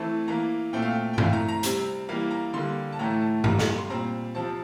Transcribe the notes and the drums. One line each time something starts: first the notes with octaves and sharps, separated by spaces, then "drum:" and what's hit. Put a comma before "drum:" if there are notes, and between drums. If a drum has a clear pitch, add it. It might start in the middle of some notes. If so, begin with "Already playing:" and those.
Already playing: E3 A3 C4 A5
E3 A#3 A#5
A#2 A3 C4 G5
F5
G5
G5
E3 A3 C4 F5, drum: tom G2
A#5
A#5
C3 G3 C4, drum: hi-hat
E3 G3 A#3 F5
A#5
D3 G3 A#3 C6
A5
A2 E3 A3 A#5
A5
C3 G3 A#3 A#5, drum: tom G2
drum: snare
C6
A#2 G3 C4 A#5
C3 F3 C4 A5